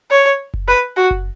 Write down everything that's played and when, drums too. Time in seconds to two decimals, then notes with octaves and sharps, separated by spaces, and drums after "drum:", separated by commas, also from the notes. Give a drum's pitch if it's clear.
0.11 C#5
0.54 drum: kick F#1
0.68 B4
0.97 F#4
1.11 drum: kick F#1